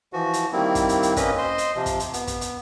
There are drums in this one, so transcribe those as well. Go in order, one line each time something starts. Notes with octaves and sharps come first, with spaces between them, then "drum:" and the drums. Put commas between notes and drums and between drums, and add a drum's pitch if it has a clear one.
E3 F3 F#4
drum: hi-hat
D#3 G3 A#3 C4 E4
drum: kick, hi-hat
drum: hi-hat
drum: hi-hat
A#3 C#4 B4 D#5, drum: kick, hi-hat
C5 D#5 C6
drum: hi-hat
C3 F3
drum: kick, hi-hat
drum: hi-hat
B3, drum: hi-hat
drum: kick, hi-hat
drum: hi-hat